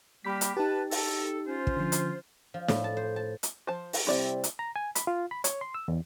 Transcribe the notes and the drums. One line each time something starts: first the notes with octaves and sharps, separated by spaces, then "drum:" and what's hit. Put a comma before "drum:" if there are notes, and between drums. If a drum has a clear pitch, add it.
G3 A#3 G4 B5 B6
drum: hi-hat
D#4 G4 B4 A5
A4, drum: open hi-hat
C#4 F4 C5
drum: kick
D3 F3
drum: hi-hat
F3
A2, drum: snare
A5
C5
A5
drum: hi-hat
F3 C5 A5
drum: open hi-hat
C3 G3 C4 E4 D5 E5
drum: hi-hat
A#5
G#5
B5, drum: hi-hat
F4
B5
C#5, drum: hi-hat
C6
E6
E2